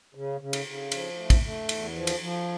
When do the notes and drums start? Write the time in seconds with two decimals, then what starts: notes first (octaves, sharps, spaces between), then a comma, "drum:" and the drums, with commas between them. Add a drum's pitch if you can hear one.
0.15 C#3
0.41 C#3
0.53 drum: cymbal
0.66 C#3
0.92 F3, drum: cymbal
1.17 A3
1.30 drum: kick, cymbal
1.43 A3
1.69 E2, drum: cymbal
1.94 F3
2.07 drum: cymbal
2.20 F3